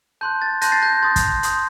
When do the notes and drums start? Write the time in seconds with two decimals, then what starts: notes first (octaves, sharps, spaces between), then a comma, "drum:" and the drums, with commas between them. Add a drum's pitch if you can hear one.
0.21 A5 C6 F#6 G6
0.42 A6
0.62 A5 C6 F#6 G6 A#6, drum: hi-hat
0.72 A6 C7
0.82 G6 A#6
0.92 G6
1.03 C6 D#6 G6 A6
1.16 drum: kick, hi-hat
1.43 C6 D#6 G6, drum: hi-hat